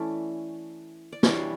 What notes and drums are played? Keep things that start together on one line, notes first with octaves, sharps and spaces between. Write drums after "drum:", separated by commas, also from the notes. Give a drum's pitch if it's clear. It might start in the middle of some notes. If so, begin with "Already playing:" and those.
Already playing: E3 A3 C#4 E4 D5 E5
D5
E3 G3 D4 C#5, drum: snare